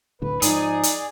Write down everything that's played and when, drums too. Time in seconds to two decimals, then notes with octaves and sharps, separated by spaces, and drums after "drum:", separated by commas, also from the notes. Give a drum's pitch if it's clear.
0.22 D1 A2 D3 B4
0.42 G#2 F3 D#4 G#4 D5, drum: hi-hat
0.83 drum: hi-hat